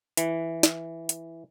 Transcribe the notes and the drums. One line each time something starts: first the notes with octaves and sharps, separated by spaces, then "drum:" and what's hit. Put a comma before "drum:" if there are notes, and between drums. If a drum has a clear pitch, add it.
E3, drum: hi-hat
drum: snare
drum: hi-hat